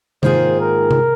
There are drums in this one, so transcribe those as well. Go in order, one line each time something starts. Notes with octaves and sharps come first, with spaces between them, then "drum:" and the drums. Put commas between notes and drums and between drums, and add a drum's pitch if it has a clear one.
G#2 D#3 A#3 F4 G#4 C5, drum: tom C3
A#4
drum: tom C3